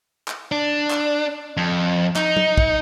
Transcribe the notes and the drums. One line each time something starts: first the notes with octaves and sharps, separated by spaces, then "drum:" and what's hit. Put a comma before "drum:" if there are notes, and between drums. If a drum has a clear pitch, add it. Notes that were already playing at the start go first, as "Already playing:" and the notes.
drum: clap
D4
drum: clap
F2
D#4, drum: clap
drum: tom
drum: kick